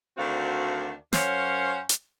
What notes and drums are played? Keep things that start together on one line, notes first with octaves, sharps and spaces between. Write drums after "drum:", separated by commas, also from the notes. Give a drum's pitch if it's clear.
D2 D#3 C4 D4 F#4 F5
F#2 C#4 C5 C#5 F5 F#5, drum: snare
drum: hi-hat